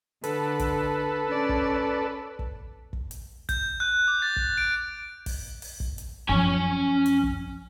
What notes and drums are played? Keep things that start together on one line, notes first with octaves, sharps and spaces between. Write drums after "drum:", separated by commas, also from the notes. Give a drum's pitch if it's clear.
D3 A4 B4, drum: hi-hat
drum: kick, hi-hat
C#4 D5
drum: kick
drum: kick
drum: kick
drum: hi-hat
G6, drum: kick, hi-hat
F#6
D6
A6
drum: kick
D7
drum: kick, open hi-hat
drum: open hi-hat
drum: kick
drum: hi-hat
F#2 F3 C#4 G#5
drum: hi-hat
drum: kick